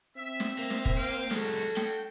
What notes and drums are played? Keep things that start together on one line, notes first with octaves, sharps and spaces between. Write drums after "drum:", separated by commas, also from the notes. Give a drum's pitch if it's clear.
C4 E5
drum: snare
A#3
drum: snare
drum: kick
F5 G5
F#3 G#3 C#4 D4 F#4 A4, drum: snare
G5, drum: snare